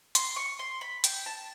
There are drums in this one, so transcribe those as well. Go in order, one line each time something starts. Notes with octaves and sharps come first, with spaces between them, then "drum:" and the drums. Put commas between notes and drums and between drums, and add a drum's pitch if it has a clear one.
C6, drum: hi-hat
C#6
C6
B5
G5, drum: hi-hat
A5